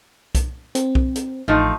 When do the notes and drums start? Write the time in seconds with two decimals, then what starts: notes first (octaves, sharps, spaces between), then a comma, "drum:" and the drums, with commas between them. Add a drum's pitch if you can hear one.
0.35 drum: kick B1, hi-hat
0.75 C4, drum: hi-hat
0.95 drum: kick B1
1.15 drum: hi-hat
1.48 A1 F3 A3 D#4